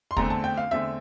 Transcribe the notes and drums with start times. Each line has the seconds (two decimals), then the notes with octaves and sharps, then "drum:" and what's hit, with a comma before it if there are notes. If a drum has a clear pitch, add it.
0.11 C6
0.17 E2 D3 A3 C4 A#5, drum: kick
0.30 A5
0.44 G5
0.58 F5
0.71 E2 D3 A3 C4 E5